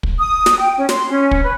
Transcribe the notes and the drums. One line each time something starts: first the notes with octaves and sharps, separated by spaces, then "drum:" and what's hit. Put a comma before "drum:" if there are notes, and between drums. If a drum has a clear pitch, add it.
drum: kick
D#6
drum: snare
G5
C#4
C6, drum: snare
C#4
drum: kick
B4